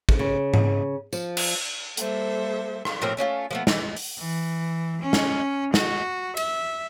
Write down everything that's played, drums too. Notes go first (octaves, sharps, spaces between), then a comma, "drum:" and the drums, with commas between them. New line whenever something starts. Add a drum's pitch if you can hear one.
drum: kick
C#3
drum: tom G#2
F3, drum: tambourine
drum: cymbal
G3 A#3 A4 C5 E5, drum: hi-hat
drum: rim click
A2 F3 C4 A#4
A3 C#4 E4 F4
F3 A3 B3
E3, drum: snare
drum: open hi-hat
E3
C#4
drum: snare
F#4, drum: snare
E5, drum: cymbal